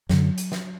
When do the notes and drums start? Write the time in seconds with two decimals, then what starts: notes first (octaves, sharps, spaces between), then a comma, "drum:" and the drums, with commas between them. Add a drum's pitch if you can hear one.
0.09 F#2 D3 F#3, drum: snare
0.38 drum: hi-hat
0.52 drum: snare